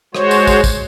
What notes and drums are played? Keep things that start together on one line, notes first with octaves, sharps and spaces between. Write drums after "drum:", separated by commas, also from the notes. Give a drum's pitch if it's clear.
G#3 F#4 C5 C#5, drum: rim click
drum: tambourine
drum: kick, tambourine
drum: kick, tambourine